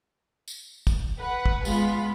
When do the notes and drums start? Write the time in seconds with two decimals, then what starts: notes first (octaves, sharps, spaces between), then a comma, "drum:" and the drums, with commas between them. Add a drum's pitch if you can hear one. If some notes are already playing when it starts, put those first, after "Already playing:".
0.48 drum: tambourine
0.87 drum: kick, tambourine
1.18 B4 F#5
1.46 drum: kick
1.65 G#3 B3 F4 B5, drum: tambourine